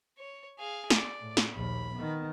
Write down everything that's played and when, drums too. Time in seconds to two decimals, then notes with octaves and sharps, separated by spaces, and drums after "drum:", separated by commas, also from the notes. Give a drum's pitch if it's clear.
0.18 C#5
0.59 G#4 F5
0.90 D5, drum: snare
1.21 A2
1.37 drum: snare
1.54 A#1 D#2 B5
1.95 D#3 B3